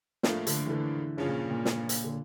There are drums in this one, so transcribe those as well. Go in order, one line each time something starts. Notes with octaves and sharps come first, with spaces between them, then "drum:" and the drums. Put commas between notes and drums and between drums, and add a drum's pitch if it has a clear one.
A2 F3 A3 A#3 D4 F4, drum: snare
D3, drum: hi-hat
E3
D3
G2 C#3 F3 C#4 F4
A#2
A#2
drum: snare
drum: hi-hat
D3